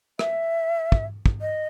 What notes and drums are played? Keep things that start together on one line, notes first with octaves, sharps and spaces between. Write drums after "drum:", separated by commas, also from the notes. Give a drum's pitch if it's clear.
E5, drum: rim click
drum: kick
drum: kick
D#5